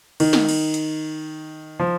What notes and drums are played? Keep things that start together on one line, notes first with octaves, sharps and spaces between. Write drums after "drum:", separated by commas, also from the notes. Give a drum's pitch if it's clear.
D#3, drum: cymbal
drum: snare
drum: cymbal
drum: hi-hat
F3